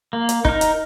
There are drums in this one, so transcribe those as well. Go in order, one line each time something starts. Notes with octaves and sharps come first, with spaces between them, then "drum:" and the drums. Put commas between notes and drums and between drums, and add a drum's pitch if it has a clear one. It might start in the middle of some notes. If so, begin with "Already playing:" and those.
A#3
drum: hi-hat
D#4 A#4, drum: kick
drum: hi-hat